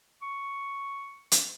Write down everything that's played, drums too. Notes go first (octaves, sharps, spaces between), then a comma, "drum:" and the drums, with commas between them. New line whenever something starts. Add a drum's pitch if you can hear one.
C#6
drum: hi-hat